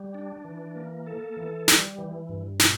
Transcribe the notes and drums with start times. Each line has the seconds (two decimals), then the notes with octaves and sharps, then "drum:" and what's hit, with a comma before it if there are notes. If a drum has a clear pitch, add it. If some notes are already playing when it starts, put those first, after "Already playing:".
Already playing: G3
0.14 D4
0.45 E3
0.76 A#3
1.06 A4
1.37 E3
1.68 G3, drum: snare
1.98 E3
2.29 G2
2.59 A#2, drum: snare